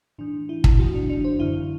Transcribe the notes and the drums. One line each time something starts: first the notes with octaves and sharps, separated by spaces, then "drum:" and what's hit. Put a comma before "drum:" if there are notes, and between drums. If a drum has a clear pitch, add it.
A2 E3 D4
E4
drum: kick
A2 E3 F#4
D4
D4
C5
F#2 D3 E4